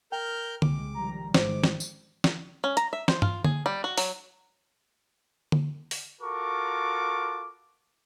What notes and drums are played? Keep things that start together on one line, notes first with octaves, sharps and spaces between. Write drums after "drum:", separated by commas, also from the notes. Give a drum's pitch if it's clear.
A#4 G5 F6 G6
C2 C#3 G#3 D6, drum: tom D3
D#3 F3 G3 A#5
G#1 D#3 G#3 C5 D6, drum: snare
drum: snare
drum: tambourine
drum: snare
C#4
A#5, drum: hi-hat
E5
C5, drum: snare
F4, drum: tom
G#4, drum: tom D3
G3
F#4
F#3, drum: open hi-hat
drum: tom D3
drum: open hi-hat
F4 F#4 A4 A#4 C#6 D6